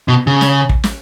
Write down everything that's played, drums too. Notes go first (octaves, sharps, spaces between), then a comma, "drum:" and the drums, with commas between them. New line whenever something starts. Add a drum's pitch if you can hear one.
B2
C#3
drum: snare
drum: kick
drum: snare